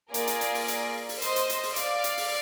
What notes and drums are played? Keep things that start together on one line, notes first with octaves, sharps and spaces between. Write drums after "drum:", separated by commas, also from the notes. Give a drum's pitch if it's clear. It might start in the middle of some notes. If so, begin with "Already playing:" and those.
A#3 F4 G#4 A#4 D5, drum: hi-hat
drum: hi-hat
drum: hi-hat
drum: open hi-hat
drum: hi-hat
drum: open hi-hat
C5 D#5, drum: hi-hat
drum: hi-hat
drum: hi-hat
drum: open hi-hat
D5 F5, drum: hi-hat
drum: hi-hat
drum: open hi-hat